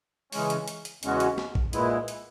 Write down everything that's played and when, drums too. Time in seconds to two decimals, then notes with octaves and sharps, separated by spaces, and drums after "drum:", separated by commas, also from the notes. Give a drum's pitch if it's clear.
0.32 C#3 E3 G#3 C#4, drum: open hi-hat
0.50 drum: hi-hat
0.68 drum: hi-hat
0.85 drum: hi-hat
1.03 E2 C#3 G#3 C#4 F#4, drum: hi-hat
1.20 drum: hi-hat
1.38 drum: snare
1.55 drum: kick B1
1.73 A#2 G#3 B3 E4, drum: hi-hat
2.08 drum: hi-hat